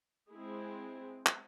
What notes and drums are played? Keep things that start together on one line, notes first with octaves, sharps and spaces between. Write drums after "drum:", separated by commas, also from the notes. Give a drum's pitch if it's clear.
G#3 C4 E4 G#4
drum: clap